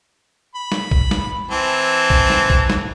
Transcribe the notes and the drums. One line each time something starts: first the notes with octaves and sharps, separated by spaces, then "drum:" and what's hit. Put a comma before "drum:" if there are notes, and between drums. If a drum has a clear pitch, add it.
B5
drum: snare
drum: kick A#1
drum: snare
E3 C4 A5
drum: kick A#1
drum: snare
drum: kick A#1
drum: snare